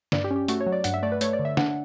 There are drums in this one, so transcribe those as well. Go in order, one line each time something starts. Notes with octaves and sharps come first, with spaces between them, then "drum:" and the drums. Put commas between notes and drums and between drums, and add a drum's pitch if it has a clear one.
G2 D5, drum: snare
G4
C#4
G4
A3 F#4, drum: hi-hat
C#5
F#3
D5
G2 F#5, drum: hi-hat
E5
A3 D5
B4
A3 C#5, drum: hi-hat
D5
D3
E5
D4 F#5, drum: snare